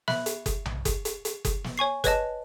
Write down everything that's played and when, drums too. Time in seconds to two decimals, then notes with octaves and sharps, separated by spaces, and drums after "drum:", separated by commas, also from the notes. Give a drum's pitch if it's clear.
0.08 E5 B5 F#6, drum: snare
0.26 drum: hi-hat
0.46 drum: kick F#1, hi-hat
0.65 drum: tom B1
0.85 drum: kick F#1, hi-hat
1.05 drum: hi-hat
1.25 drum: hi-hat
1.45 drum: kick F#1, hi-hat
1.64 drum: snare
1.78 C#5 G#5 C#6 C7
2.04 B4 C#5 D#5 A5, drum: kick F#1, hi-hat